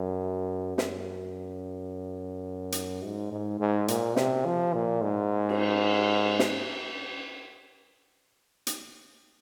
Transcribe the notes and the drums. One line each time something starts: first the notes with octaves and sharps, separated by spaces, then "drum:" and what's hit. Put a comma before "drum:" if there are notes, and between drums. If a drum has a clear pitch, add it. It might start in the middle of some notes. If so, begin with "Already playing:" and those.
Already playing: F#2
F#2, drum: snare
drum: hi-hat
G#2
G#2
G#2
A#2, drum: hi-hat
C3, drum: snare
F3
A#2
G#2
drum: cymbal
drum: snare
drum: hi-hat